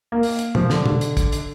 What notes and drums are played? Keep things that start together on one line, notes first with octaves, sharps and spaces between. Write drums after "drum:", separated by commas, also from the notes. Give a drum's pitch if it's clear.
A#3
drum: open hi-hat
drum: hi-hat
F3, drum: tom
D3, drum: snare
drum: tom
drum: hi-hat
drum: kick, hi-hat
drum: hi-hat